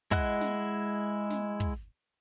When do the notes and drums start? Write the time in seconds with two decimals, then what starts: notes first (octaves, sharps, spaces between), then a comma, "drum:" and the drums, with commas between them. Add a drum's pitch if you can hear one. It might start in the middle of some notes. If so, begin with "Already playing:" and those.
0.11 G#3 E4 D#5 F#5 F#6, drum: kick
0.41 drum: snare
1.30 drum: snare
1.60 drum: kick